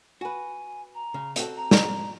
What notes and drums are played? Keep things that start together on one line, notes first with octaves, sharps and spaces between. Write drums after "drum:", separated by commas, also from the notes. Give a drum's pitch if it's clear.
F#4 B4 G#5
A#5
C#3
C4 F#4 A4, drum: hi-hat
A#5
drum: snare